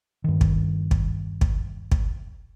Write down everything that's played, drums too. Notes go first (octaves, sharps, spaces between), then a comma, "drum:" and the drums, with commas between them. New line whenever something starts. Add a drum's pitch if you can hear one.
G2 D#3
drum: kick
drum: kick
drum: kick
drum: kick